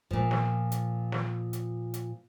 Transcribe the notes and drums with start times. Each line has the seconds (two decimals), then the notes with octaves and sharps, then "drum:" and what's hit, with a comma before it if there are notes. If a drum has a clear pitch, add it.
0.11 A#2 F3, drum: kick
0.31 drum: snare
0.72 drum: hi-hat
1.12 drum: snare
1.53 drum: hi-hat
1.94 drum: hi-hat